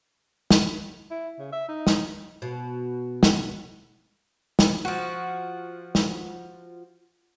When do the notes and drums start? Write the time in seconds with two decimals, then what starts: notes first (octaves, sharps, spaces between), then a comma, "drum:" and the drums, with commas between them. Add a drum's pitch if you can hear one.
0.51 drum: snare
1.11 E4
1.39 C#3
1.53 E5
1.68 D#4
1.87 drum: snare
2.42 B2
3.23 drum: snare
4.59 drum: snare
4.85 F3 F#4
5.95 drum: snare